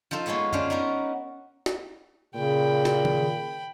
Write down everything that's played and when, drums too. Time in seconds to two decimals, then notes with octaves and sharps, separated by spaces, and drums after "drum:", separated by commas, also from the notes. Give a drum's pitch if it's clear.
0.11 F3 D#4 F4 A4
0.26 G#3 A#3 B3 C#5 D#5
0.53 C#4 D4 C5 D#5 F5, drum: tom F#2
0.70 B3 D#4 F#4 A#4
1.66 drum: snare
2.35 A#2 C#3 G5 B5
2.85 drum: snare
3.05 drum: tom D#3